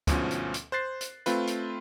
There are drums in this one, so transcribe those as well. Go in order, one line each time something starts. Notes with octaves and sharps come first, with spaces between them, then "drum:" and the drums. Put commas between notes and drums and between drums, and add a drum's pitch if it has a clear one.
D2 G#2 B2 F3 C#4, drum: kick, hi-hat
drum: hi-hat
drum: hi-hat
C5 F#6 A6 C7
drum: hi-hat
A3 C4 F4 B4, drum: hi-hat
drum: hi-hat